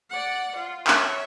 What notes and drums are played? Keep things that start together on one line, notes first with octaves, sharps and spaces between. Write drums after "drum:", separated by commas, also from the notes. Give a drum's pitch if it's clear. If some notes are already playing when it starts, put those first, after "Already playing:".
D5 F#5
F4
C#5 E5, drum: clap